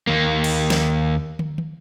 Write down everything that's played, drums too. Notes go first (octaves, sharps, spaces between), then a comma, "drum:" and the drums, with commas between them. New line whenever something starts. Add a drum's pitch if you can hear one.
D#2 A#3
drum: cymbal
drum: snare
drum: tom
drum: tom